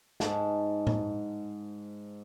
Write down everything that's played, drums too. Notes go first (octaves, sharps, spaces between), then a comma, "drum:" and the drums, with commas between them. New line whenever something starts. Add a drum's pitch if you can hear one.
G#2 A5, drum: snare
drum: tom A2